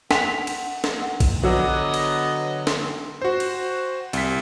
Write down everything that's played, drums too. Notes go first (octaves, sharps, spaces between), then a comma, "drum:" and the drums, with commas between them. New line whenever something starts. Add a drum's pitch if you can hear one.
F#5 B6 F7, drum: snare
drum: cymbal
drum: snare
drum: kick A#1, cymbal
D3 F#3 B3 F#4 D#5
drum: cymbal
drum: snare
F#4 C5
drum: cymbal
C2 B6, drum: cymbal